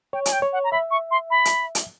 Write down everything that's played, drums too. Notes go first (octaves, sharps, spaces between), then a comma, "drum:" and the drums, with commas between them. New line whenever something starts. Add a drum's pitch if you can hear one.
C#5 G5
G#5, drum: hi-hat
G5
C#5
F#5
A#5
E5 B5
C#6
C6
B5
drum: hi-hat
drum: hi-hat